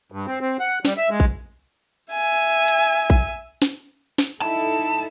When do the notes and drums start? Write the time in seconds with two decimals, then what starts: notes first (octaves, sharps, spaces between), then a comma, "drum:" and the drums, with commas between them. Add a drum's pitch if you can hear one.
0.12 G2
0.26 C4
0.41 C4
0.60 F#5
0.85 G3, drum: snare
0.97 E5
1.10 G#3
1.20 drum: kick A#1
2.12 E5 G#5
2.68 drum: hi-hat
3.10 drum: kick A#1
3.62 drum: snare
4.18 drum: snare
4.42 D#4 E4 A4 A5